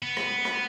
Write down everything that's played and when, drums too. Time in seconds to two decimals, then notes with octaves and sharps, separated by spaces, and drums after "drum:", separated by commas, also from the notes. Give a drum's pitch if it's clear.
0.02 B3
0.17 drum: rim click
0.45 drum: rim click